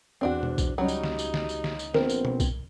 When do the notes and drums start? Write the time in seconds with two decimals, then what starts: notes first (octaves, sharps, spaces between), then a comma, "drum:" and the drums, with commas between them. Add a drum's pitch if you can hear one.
0.21 E2 C4 D4 F#4
0.43 drum: tom B2
0.58 drum: kick, tambourine
0.78 C#2 F#3 G3 C#4 D#4
0.88 drum: tambourine
1.04 drum: snare
1.19 drum: tambourine
1.34 drum: snare
1.49 drum: tambourine
1.64 drum: snare
1.79 drum: tambourine
1.94 A#1 B3 C4 A#4, drum: snare
2.10 drum: tambourine
2.25 drum: tom B2
2.40 drum: kick, tambourine